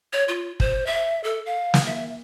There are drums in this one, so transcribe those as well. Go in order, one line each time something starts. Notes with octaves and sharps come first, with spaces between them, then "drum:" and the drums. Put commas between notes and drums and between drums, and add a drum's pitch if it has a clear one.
C#5
F4
C5, drum: kick
E5
A4
F5
drum: snare
E5